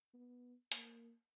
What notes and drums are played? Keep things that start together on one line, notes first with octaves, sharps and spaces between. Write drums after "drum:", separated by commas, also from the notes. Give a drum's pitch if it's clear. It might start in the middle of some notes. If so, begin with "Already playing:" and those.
B3
A#3, drum: hi-hat